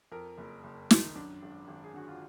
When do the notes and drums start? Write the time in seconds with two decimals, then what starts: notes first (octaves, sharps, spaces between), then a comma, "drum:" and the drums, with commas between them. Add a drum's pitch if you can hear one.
0.12 F2 A#4
0.38 F#1
0.64 F#1
0.91 D#3, drum: snare
1.15 F#2 D4
1.42 G#1
1.68 G#1
1.84 G#4
1.94 D3 F#4
2.08 F4